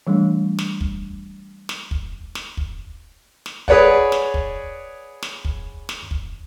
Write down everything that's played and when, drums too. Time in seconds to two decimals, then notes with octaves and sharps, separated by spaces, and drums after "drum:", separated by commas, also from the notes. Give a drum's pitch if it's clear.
0.07 E3 G3 A3 D4
0.59 drum: snare
0.81 drum: kick
1.69 drum: snare
1.91 drum: kick
2.35 drum: snare
2.57 drum: kick
3.46 drum: snare
3.68 G#4 B4 C#5 D5 F#5, drum: kick
4.12 drum: snare
4.34 drum: kick
5.23 drum: snare
5.45 drum: kick
5.89 drum: snare
6.11 drum: kick